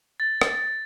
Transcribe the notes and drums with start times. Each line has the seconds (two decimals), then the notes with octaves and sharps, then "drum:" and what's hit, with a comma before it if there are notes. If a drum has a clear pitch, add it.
0.20 A6
0.42 drum: rim click